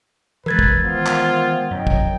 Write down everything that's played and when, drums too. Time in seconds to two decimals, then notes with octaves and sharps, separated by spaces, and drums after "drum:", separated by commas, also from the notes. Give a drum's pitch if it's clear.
0.46 E3 G#3 A#4 B4 G#6 A6
0.59 drum: kick
0.83 D#3 B3 F4 C5
1.07 drum: clap
1.71 F#2 A2 F#3 D#5 G5
1.87 drum: kick